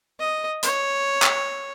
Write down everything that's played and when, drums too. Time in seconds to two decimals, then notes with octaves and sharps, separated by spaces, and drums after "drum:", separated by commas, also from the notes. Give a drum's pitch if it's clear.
0.19 D#5
0.63 C#5, drum: hi-hat
1.22 drum: clap